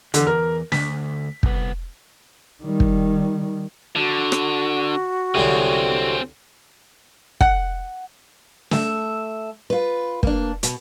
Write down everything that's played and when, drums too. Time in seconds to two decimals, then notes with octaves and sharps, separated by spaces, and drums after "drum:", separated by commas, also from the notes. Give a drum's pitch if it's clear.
0.14 E2 D3, drum: hi-hat
0.27 A#4
0.72 D2 G#2 B6, drum: snare
1.43 C2 B3, drum: kick
2.63 D#3 G3
2.80 drum: kick
3.96 D3 F#4
4.32 drum: rim click
5.35 C2 D3 F#3 C4 G#4
7.41 F#5, drum: kick
8.71 A3 E5, drum: snare
9.70 F4 B4
10.23 A#3 D4, drum: kick
10.63 B2, drum: hi-hat